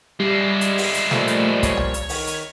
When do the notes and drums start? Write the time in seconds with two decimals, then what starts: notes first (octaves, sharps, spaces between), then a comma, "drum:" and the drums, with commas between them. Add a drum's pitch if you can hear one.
0.20 G3 G#3 E4
0.61 drum: hi-hat
0.78 drum: open hi-hat
0.94 drum: hi-hat
1.11 A#2 F3 G3 A3, drum: snare
1.28 drum: hi-hat
1.63 C#5, drum: kick, hi-hat
1.77 drum: tom C2
1.94 drum: hi-hat
2.09 D#3, drum: open hi-hat
2.27 drum: hi-hat